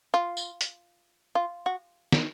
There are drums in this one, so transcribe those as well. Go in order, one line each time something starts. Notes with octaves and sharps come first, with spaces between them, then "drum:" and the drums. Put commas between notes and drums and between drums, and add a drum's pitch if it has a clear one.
F4
drum: tambourine
drum: hi-hat
F4
F#4
drum: snare